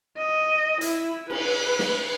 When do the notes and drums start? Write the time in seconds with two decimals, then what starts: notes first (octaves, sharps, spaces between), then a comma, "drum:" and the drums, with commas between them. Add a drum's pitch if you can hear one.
0.18 D#5
0.81 E4, drum: hi-hat
1.30 B4, drum: cymbal
1.79 drum: snare